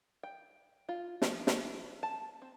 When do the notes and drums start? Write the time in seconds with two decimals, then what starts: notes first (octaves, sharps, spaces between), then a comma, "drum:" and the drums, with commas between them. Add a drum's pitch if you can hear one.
0.23 G5
0.89 F4
1.22 F3, drum: snare
1.47 drum: snare
2.03 A5
2.42 C4